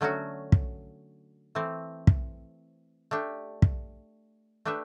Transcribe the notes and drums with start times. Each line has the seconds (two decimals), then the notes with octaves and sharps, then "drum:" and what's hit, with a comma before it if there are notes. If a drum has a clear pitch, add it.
0.01 D3 F#3 A3 C#4 F#4
0.52 drum: kick
1.55 E3 A3 C4
2.07 drum: kick
3.11 A3 D4 G4
3.62 drum: kick
4.65 A3 D4 G4 B4 E5